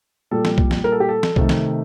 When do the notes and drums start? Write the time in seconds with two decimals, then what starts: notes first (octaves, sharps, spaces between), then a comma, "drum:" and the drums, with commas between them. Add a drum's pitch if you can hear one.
0.31 A#2 G3 A4
0.45 drum: snare
0.58 drum: kick B1
0.71 drum: snare
0.84 A#4
0.92 A4
1.00 G4
1.09 A4
1.23 drum: snare
1.36 C3 D#3 A3, drum: kick B1
1.49 drum: snare